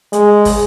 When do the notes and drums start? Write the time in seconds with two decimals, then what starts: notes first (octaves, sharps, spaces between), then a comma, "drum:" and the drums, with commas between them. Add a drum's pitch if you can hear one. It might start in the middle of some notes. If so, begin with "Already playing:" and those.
0.13 G#3, drum: hi-hat
0.45 drum: kick, open hi-hat